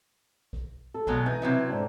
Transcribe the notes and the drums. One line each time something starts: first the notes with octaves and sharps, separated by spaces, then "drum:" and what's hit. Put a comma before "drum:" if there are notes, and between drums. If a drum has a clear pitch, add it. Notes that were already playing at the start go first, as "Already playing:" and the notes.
drum: kick A#1
A4
B2 F#3 G#3, drum: kick A#1
E3 D#4
C3 F#3 E4
G#2 D3 D4